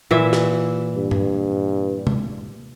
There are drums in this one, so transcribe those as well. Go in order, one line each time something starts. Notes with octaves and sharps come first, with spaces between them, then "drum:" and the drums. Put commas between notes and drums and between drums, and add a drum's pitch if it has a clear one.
A#2 E3 E5
drum: snare
G2
drum: tom G2
drum: tom